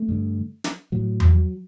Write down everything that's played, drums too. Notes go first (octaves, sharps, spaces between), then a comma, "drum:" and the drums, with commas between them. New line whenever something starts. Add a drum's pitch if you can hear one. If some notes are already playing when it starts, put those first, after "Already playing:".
Already playing: A3
G2 D3
drum: snare
A2 F#3
drum: tom E2
F#3